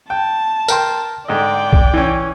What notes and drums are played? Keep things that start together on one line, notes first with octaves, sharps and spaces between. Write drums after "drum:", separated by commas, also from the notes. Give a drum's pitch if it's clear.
G5 A5
A#4 G5 C6, drum: tambourine
G#2 D3 D5 D#5 G5
drum: kick B1
E3 C#4